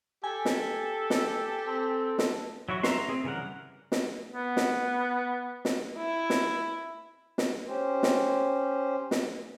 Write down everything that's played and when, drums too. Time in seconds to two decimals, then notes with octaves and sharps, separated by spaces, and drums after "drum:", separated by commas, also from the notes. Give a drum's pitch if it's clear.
0.24 G4 A4 G#5
0.45 drum: snare
1.10 drum: snare
1.67 C4 A4
2.18 drum: snare
2.69 F#3 E4 F#4 C#6
2.83 E5 A#5 C6, drum: snare
3.08 C4 G#4
3.24 C#3 E3 G3 A#4 F#5
3.92 drum: snare
4.33 B3
4.57 drum: snare
5.65 drum: snare
5.97 E4
6.30 drum: snare
7.38 drum: snare
7.67 C#4 G4 C5
8.03 drum: snare
9.11 drum: snare